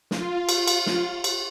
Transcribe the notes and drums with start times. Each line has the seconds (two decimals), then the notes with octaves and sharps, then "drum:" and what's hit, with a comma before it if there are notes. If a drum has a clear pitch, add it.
0.11 F4, drum: snare
0.49 drum: cymbal
0.68 drum: cymbal
0.86 drum: snare
1.24 drum: cymbal